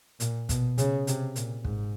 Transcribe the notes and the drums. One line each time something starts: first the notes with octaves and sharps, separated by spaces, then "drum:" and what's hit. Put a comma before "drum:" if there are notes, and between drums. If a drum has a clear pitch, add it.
A#2, drum: hi-hat
B2, drum: kick, hi-hat
C#3, drum: hi-hat
C3, drum: hi-hat
A#2, drum: hi-hat
G#2, drum: kick